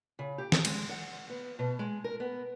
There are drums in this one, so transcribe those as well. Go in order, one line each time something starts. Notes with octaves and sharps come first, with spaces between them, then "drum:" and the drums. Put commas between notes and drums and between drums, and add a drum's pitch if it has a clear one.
C#3
G4
drum: snare
G#3, drum: cymbal
F#5
B3
B2
G#3
A#4
B3